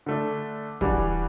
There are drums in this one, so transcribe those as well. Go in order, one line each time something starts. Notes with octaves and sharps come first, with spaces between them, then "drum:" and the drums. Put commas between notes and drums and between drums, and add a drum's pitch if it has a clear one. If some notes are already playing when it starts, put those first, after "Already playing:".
D3 A3 D4
E3 G3 D4 F#4, drum: kick